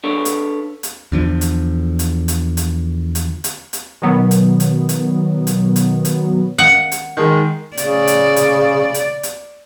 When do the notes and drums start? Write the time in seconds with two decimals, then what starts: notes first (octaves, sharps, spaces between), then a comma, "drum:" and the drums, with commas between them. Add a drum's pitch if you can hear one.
0.04 D4 A4 B4 C#5
0.25 drum: hi-hat
0.83 drum: hi-hat
1.12 E2 D3 F3
1.41 drum: hi-hat
1.99 drum: hi-hat
2.28 drum: hi-hat
2.57 drum: hi-hat
3.15 drum: hi-hat
3.44 drum: hi-hat
3.73 drum: hi-hat
4.02 B2 D#3 F#3 B3
4.31 drum: hi-hat
4.60 drum: hi-hat
4.89 drum: hi-hat
5.47 drum: hi-hat
5.76 drum: hi-hat
6.05 drum: hi-hat
6.58 F#5
6.92 drum: hi-hat
7.17 D#3 G#3
7.77 C#3 D5, drum: hi-hat
8.07 drum: hi-hat
8.36 drum: hi-hat
8.94 drum: hi-hat
9.23 drum: hi-hat